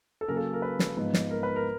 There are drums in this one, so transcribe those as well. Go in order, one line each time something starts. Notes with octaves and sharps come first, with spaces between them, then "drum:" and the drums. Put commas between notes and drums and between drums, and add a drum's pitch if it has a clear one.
A4
C#3 F#3 A#3 A#4
A4
A#4
B4
drum: snare
G#2 F3 G#3 B3 D#4
drum: snare
A#4
B4
A#4